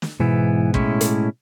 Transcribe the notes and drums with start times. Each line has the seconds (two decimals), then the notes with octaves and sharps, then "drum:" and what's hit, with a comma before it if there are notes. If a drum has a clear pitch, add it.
0.02 drum: snare
0.20 G#2 B2 E3 B3 E4
0.74 A2 G#3 C#4 E4, drum: kick
1.01 drum: hi-hat